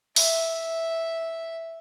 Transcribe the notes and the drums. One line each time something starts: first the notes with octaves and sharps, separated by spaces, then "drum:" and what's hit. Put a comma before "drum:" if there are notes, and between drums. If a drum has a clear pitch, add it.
E5, drum: open hi-hat